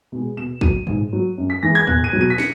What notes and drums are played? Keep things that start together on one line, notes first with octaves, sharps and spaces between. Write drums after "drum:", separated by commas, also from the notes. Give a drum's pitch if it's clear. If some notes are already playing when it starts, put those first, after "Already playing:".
B2 G#3
B2 E7
F#3 D#7, drum: kick
G#2, drum: tom
F#3
F#2
B6
E3 G#3 A#6
G#6
E2 F#6, drum: tom
D#7
B2 F#3
D#7
B6
C#7, drum: snare